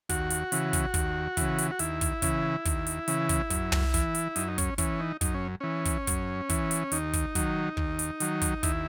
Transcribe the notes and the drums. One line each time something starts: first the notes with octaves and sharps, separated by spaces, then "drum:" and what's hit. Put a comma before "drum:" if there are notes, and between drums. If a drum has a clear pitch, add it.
D#2 F#4, drum: kick, hi-hat
drum: hi-hat
C#3 E3, drum: hi-hat
drum: kick, hi-hat
D#2, drum: kick, hi-hat
C#3 E3, drum: kick, hi-hat
drum: hi-hat
F#4
D#2 E4, drum: hi-hat
drum: kick, hi-hat
C#3 E3, drum: kick, hi-hat
D#2, drum: kick, hi-hat
drum: hi-hat
C#3 E3, drum: hi-hat
drum: kick, hi-hat
F#2, drum: kick, hi-hat
drum: tom
E3, drum: kick, hi-hat
drum: hi-hat
F#2 D#4, drum: hi-hat
D#4
C#4, drum: kick, hi-hat
E3 C#4, drum: kick, hi-hat
D#4
F#2 D#4, drum: kick, hi-hat
C#4
E3 C#4
drum: kick, hi-hat
F#2, drum: kick, hi-hat
E3, drum: kick, hi-hat
drum: hi-hat
D#2 D#4, drum: hi-hat
drum: kick, hi-hat
D#3 F#3, drum: kick, hi-hat
D#2, drum: kick
drum: hi-hat
D#3 F#3, drum: hi-hat
drum: kick, hi-hat
D#2 E4, drum: kick, hi-hat